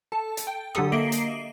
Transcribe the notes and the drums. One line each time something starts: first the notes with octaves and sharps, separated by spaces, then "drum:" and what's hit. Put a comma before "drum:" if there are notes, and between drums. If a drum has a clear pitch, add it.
A4 A5
drum: hi-hat
G5
D3 F#3 G4 A4 D#6, drum: rim click
A#3 D#5 E5 C7 D7 F#7
drum: hi-hat